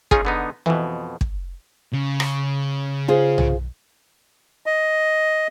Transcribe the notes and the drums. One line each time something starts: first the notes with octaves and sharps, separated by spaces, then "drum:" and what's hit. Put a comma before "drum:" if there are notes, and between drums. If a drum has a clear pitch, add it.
C#4 D#4 F4 G#4, drum: kick
D3 B3 D#4
F2 B2 E3
drum: kick
C#3
drum: rim click
F4 G#4 C5
drum: tom
D#5